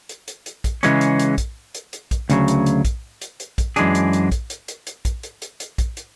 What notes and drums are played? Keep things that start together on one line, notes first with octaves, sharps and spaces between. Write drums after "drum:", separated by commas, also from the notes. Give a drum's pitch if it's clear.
drum: hi-hat
drum: hi-hat
drum: hi-hat
drum: kick, hi-hat
C#3 E3 G#3 C#4, drum: hi-hat
drum: hi-hat
drum: hi-hat
drum: kick, hi-hat
drum: hi-hat
drum: hi-hat
drum: kick, hi-hat
D2 C#3 F#3, drum: hi-hat
drum: hi-hat
drum: hi-hat
drum: kick, hi-hat
drum: hi-hat
drum: hi-hat
drum: kick, hi-hat
F#2 E3 G#3 D4 G#4, drum: hi-hat
drum: hi-hat
drum: hi-hat
drum: kick, hi-hat
drum: hi-hat
drum: hi-hat
drum: hi-hat
drum: kick, hi-hat
drum: hi-hat
drum: hi-hat
drum: hi-hat
drum: kick, hi-hat
drum: hi-hat